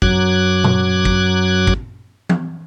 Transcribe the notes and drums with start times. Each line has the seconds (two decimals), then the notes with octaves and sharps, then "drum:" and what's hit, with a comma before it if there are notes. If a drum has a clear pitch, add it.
0.02 F#2 F#3 D6 F#6 G#6, drum: kick
0.64 drum: tom A#2
1.05 drum: kick
1.67 drum: kick
2.29 drum: tom